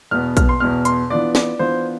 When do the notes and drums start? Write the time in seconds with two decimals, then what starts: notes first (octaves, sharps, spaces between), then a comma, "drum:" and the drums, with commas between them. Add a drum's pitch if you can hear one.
0.11 E2 B2 B3 F6
0.37 F6, drum: kick, hi-hat
0.49 C6
0.60 E2 B2 B3 F6
0.85 C6, drum: hi-hat
1.10 E3 B3 D4 F4 D5
1.35 D5, drum: snare
1.59 E3 B3 D4 F4 C5